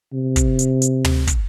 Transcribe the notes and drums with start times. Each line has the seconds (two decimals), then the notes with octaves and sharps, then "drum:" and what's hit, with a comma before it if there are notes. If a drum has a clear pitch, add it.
0.13 C3
0.36 drum: kick, hi-hat
0.59 drum: hi-hat
0.82 drum: hi-hat
1.04 drum: tom
1.27 drum: kick, hi-hat